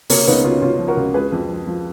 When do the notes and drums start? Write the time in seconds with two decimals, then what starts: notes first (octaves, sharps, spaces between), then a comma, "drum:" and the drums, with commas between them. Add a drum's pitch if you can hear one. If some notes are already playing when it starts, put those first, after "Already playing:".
0.10 C#3 A#3 C#4, drum: open hi-hat
0.27 C#2 B3 D#4
0.44 C#3 C#4 F4
0.62 C#2 C#4 F4
0.79 F3
0.88 F#4 A#4
0.97 C#2
1.14 G#3 G#4 B4
1.32 F2
1.49 F3
1.67 F3